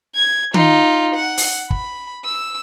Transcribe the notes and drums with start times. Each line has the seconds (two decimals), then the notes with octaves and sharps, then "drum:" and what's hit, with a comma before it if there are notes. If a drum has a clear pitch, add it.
0.15 G#6
0.54 D#4 F4, drum: tom
1.15 F#5
1.37 drum: open hi-hat
1.70 B5, drum: kick
2.25 E6